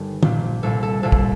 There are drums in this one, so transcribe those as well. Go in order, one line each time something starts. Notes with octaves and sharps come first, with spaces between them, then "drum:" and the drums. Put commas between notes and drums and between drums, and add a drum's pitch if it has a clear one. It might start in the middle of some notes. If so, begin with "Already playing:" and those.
Already playing: G1 G2 D#3 G4 A4
A#1 A#2, drum: tom
C2 A#2 A4
A4
C2 A#2 A4
drum: kick